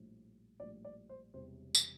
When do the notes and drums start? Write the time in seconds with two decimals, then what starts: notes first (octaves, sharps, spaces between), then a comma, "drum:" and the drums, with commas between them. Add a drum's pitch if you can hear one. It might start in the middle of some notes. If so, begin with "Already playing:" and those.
Already playing: A#1 A2 G3
0.60 A#1 A2 G3 D5
0.85 D5
1.09 C5
1.34 E1 E2 C3 G3 C5
1.75 drum: tambourine